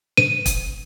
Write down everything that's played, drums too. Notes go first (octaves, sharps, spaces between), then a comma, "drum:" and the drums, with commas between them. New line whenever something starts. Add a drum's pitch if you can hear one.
D#7
drum: kick, hi-hat